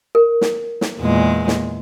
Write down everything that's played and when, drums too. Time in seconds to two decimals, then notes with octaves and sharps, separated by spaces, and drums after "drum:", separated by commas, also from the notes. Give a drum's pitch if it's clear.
0.15 A#4
0.41 drum: snare
0.81 drum: snare
0.99 E2 A#2 G#3
1.48 drum: snare